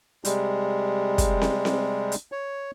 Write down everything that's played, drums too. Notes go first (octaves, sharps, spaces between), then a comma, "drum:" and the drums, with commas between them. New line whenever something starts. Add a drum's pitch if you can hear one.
C3 G3 G#3, drum: hi-hat
drum: kick, hi-hat
drum: snare C4
drum: snare C4
drum: hi-hat
C#5